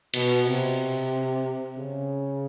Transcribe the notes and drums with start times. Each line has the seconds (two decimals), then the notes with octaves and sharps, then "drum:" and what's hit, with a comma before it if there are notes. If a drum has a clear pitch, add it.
0.14 B2, drum: cymbal
0.46 C3
1.77 C#3